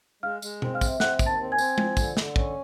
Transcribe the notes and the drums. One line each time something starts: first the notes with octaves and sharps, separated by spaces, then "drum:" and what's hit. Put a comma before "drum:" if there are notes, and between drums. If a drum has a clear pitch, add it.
G#3 F5 F6
G#3, drum: tambourine
C4, drum: tom B2
F5 F6
C3, drum: kick, tambourine
C4 F#5 F#6, drum: snare
D#2, drum: kick, tambourine
A5 A6
C4
G#5 G#6
C4, drum: tambourine
F3, drum: tom G#3
D3, drum: kick, tambourine
D3, drum: snare
C#4, drum: kick